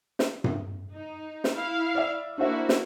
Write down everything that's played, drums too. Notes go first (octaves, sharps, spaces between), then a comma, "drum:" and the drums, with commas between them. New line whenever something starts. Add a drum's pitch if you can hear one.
drum: snare
drum: tom G2
D#4
drum: snare
E4 F5
D5 E5
A#3 D4 E4 F#4 C5 E5
drum: snare